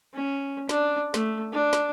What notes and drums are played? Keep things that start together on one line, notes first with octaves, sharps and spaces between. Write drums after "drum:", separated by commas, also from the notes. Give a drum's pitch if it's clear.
C#4
D4, drum: snare
A3, drum: snare
D4
drum: snare